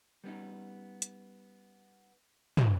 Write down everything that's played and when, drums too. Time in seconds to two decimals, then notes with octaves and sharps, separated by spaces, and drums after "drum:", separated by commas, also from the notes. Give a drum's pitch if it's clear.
0.24 G3 B3 C#4 D#4
1.02 drum: hi-hat
2.57 drum: tom